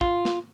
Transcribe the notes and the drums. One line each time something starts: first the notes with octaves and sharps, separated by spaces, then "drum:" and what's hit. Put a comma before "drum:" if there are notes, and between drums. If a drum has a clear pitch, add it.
F4, drum: kick
drum: snare